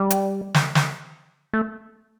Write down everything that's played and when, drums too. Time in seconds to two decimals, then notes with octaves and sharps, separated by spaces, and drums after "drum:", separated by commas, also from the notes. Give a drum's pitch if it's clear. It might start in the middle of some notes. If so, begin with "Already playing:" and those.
Already playing: G3
0.10 drum: hi-hat
0.54 drum: snare
0.75 drum: snare
1.53 A3